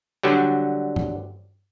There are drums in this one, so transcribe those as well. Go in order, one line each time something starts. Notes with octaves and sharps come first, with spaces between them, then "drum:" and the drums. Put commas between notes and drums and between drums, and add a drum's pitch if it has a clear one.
D3 F#3 G3
drum: tom G2